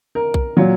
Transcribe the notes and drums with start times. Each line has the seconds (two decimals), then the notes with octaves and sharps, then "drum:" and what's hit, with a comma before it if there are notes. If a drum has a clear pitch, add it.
0.15 A#4
0.34 drum: kick B1
0.57 A#2 F#3